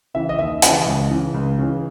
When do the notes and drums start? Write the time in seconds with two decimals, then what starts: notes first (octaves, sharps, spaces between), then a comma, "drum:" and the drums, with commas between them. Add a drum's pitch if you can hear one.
0.14 C#3 E3 E5
0.29 D#5
0.38 D#2 E5
0.62 C#3 E3 D#5, drum: hi-hat
0.86 C#2
1.11 C#3 E3
1.34 C#2
1.59 C#3 E3